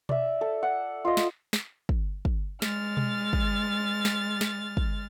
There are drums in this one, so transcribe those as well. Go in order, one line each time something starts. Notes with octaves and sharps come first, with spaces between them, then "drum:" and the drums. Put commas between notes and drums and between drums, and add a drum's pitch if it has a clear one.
D5 E5, drum: tom B2
A4
F#5
F4 D#5
drum: snare
drum: snare
drum: kick
drum: kick
G#3 F6 A6, drum: snare
drum: tom B2
drum: kick
drum: snare
drum: snare
drum: kick